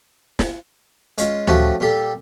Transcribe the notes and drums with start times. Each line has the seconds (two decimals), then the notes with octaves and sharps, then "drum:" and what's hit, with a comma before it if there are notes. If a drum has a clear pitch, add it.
0.39 drum: snare
1.18 G#3 C#4 F4, drum: hi-hat
1.47 F3 A3 C#4 F#4 G4, drum: tom D2
1.80 A#2 G3 G4 A4